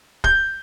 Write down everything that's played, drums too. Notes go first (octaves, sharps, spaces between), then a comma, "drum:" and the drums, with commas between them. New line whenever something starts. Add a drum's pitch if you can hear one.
G6, drum: kick